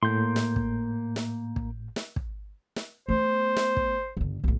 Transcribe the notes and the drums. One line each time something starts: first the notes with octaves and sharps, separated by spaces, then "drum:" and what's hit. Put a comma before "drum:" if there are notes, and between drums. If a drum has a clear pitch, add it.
A2 A#3 C6 G6
drum: snare
drum: kick
drum: snare
drum: kick
drum: snare
drum: kick
drum: snare
A3 B3 C5
drum: snare
drum: kick
G1 D3
B1 A2